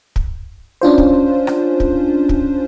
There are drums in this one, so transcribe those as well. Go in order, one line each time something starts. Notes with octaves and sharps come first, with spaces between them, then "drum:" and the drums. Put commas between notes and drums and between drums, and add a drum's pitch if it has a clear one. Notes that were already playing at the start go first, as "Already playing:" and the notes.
drum: kick
C#4 D4 F4 C5
drum: kick
drum: rim click
drum: kick
drum: kick